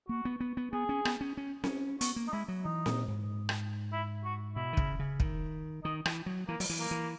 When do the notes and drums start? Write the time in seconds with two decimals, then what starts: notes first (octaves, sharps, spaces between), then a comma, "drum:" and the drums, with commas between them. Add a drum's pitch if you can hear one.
0.09 A#3 F#4
0.25 B3
0.40 B3
0.57 B3
0.73 B3 G#4
0.89 C#4
1.05 B3, drum: rim click
1.21 C#4
1.37 C#4
1.64 C#4, drum: snare C4
2.01 B3 F#4, drum: hi-hat
2.16 A#3
2.28 D#4
2.33 G#3 E4
2.48 F#3
2.65 E3 D#4
2.86 A#2, drum: snare C4
3.08 G#2
3.49 drum: rim click
3.93 E4
4.25 F#4
4.56 B2 E4
4.73 D#3
4.77 C#3, drum: kick
4.99 C#3
5.20 D#3, drum: kick
5.84 D#3 D#4
6.05 E3, drum: rim click
6.26 F#3
6.48 E3 A#3
6.60 F#3, drum: open hi-hat
6.70 E3
6.80 A#3
6.91 E3